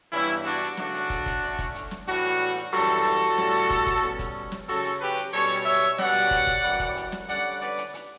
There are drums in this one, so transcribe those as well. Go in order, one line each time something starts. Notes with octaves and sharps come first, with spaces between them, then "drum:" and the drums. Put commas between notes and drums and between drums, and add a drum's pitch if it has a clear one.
G2 E3 G3 B3 C#4 E4, drum: hi-hat
drum: hi-hat
D4 F#4, drum: hi-hat
drum: hi-hat
C#3 F#3 A3 C#4 D4 F#4, drum: snare
drum: hi-hat
drum: kick, hi-hat
drum: kick, hi-hat
D3 A3 C#4
drum: kick, hi-hat
drum: hi-hat
drum: snare
A2 E3 G3 D4 F#4, drum: hi-hat
drum: hi-hat
drum: hi-hat
drum: hi-hat
F#2 E3 G3 F#4 A4, drum: hi-hat
drum: hi-hat
drum: hi-hat
A2 G3 C#4, drum: snare
drum: hi-hat
drum: kick, hi-hat
drum: kick, hi-hat
B2 G3 C#4
drum: kick, hi-hat
drum: snare
C#3 F#3 C#4 F#4 A4, drum: hi-hat
drum: hi-hat
G4 B4
drum: hi-hat
B2 G3 C#4 A4 C#5, drum: hi-hat
drum: hi-hat
C#5 E5, drum: hi-hat
drum: hi-hat
B2 G3 C#4 D5 F#5, drum: snare
drum: hi-hat
drum: kick, hi-hat
drum: kick, hi-hat
F#2 E3 G3
drum: kick, hi-hat
drum: hi-hat
drum: snare
D3 G3 C#4 D5 F#5, drum: hi-hat
B4 D5, drum: hi-hat
drum: hi-hat
drum: hi-hat